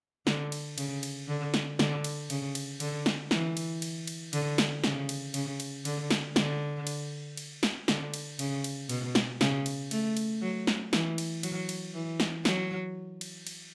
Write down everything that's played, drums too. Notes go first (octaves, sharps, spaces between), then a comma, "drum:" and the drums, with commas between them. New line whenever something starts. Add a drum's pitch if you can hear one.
D3, drum: snare
drum: cymbal
C#3, drum: cymbal
drum: cymbal
D3
drum: snare
D3, drum: snare
drum: cymbal
C#3, drum: cymbal
drum: cymbal
D3, drum: cymbal
drum: snare
E3, drum: snare
drum: cymbal
drum: cymbal
drum: cymbal
D3, drum: cymbal
drum: snare
C#3, drum: snare
drum: cymbal
C#3, drum: cymbal
drum: cymbal
D3, drum: cymbal
drum: snare
D3, drum: snare
drum: cymbal
drum: cymbal
drum: snare
D3, drum: snare
drum: cymbal
C#3, drum: cymbal
drum: cymbal
B2, drum: cymbal
drum: snare
C#3, drum: snare
drum: cymbal
A3, drum: cymbal
drum: cymbal
F#3
drum: snare
E3, drum: snare
drum: cymbal
F#3, drum: cymbal
drum: cymbal
E3
drum: snare
F#3, drum: snare
drum: cymbal
drum: cymbal